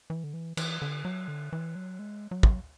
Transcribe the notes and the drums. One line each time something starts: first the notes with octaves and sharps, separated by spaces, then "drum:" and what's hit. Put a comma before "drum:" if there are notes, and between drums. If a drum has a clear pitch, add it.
E3
D3
E3
E3, drum: cymbal
D3
F#3
D3
E3
F#3
G#3
F#3
drum: kick